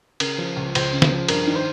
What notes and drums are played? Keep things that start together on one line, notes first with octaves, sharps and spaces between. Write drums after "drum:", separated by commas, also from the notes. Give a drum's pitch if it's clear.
C#3 A#4, drum: cymbal
F3
C#2
C#2 C5, drum: cymbal
C#3
drum: snare
F3
G2 A#4, drum: cymbal
D#3
C5